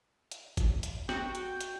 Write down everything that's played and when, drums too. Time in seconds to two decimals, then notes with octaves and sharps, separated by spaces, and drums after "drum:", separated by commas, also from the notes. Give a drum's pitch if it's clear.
0.31 drum: hi-hat
0.57 drum: kick G1, hi-hat
0.83 drum: hi-hat
1.09 F#4 G5, drum: snare
1.35 drum: hi-hat
1.61 drum: hi-hat